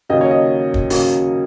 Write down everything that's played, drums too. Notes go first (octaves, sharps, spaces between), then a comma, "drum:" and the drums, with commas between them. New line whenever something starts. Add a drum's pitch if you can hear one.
D#2 C#3 F#3 A#3 D#5
C#5
D#5
drum: kick
D#2 C#3 F#3 A#3, drum: open hi-hat